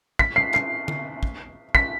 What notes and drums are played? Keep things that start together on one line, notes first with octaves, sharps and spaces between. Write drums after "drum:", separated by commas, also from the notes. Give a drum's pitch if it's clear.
B6, drum: kick
C7
C7, drum: clap
drum: tom D3
drum: kick
B6, drum: kick